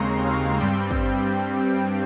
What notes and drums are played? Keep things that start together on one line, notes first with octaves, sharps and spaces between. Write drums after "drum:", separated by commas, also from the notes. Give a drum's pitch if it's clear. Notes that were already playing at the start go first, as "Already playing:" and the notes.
Already playing: D#2 C#3 G#3 C4 A#5 C6 C#6
F5
G2 G3 C4 G5
drum: kick
G5